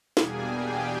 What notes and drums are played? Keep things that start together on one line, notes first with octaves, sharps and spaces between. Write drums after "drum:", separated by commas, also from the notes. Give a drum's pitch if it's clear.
E2 B2 G3 A#3 D4 G#4 G#5, drum: snare
G4 G5